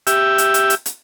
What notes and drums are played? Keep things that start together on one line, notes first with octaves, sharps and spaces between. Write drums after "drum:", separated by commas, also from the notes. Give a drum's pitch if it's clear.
G4 E5, drum: hi-hat
drum: hi-hat
drum: hi-hat
drum: hi-hat
drum: hi-hat